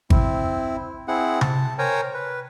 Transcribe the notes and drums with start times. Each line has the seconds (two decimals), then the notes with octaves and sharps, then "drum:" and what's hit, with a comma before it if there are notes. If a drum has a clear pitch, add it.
0.10 C4 E4, drum: kick G#1
1.08 C4 E4 G#4 F#5
1.41 A5, drum: tom C3
1.79 A#4 C5 C#5 G5 G#5 A#5
2.14 B4